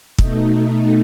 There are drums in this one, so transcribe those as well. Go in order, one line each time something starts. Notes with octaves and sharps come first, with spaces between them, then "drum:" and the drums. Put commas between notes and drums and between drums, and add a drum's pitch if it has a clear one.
B2 A3 D#4, drum: kick